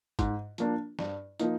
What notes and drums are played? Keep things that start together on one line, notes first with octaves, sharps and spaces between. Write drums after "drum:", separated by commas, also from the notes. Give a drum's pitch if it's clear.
G#2, drum: kick, hi-hat
F3 A#3 D4, drum: hi-hat
G2, drum: snare
F3 A#3 D#4, drum: hi-hat